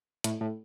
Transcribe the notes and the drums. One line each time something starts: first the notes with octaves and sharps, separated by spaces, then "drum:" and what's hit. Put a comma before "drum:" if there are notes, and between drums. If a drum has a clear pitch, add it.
A2, drum: hi-hat
A2